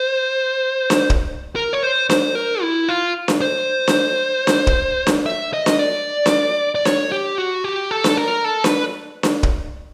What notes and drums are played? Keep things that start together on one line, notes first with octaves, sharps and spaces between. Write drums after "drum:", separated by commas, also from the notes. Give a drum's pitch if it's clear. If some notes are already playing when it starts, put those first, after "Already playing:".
Already playing: C5
drum: snare D4
drum: kick
A#4
C#5
C5
C5, drum: snare D4
A#4
E4
F4
drum: snare D4
C5
drum: snare D4
drum: snare D4
drum: kick
drum: snare D4
E5
D#5
drum: snare D4
D5
drum: snare D4
D5
C#5, drum: snare D4
G4
F#4
G4
A4
drum: snare D4
A#4
A4
B4, drum: snare D4
drum: snare D4
drum: kick